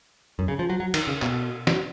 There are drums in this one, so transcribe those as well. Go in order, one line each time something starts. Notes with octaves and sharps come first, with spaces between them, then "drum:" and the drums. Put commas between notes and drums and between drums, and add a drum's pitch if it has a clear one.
F#2
C#3
F3
F#3
F#3
D#3, drum: cymbal
C#3
B2, drum: clap
drum: snare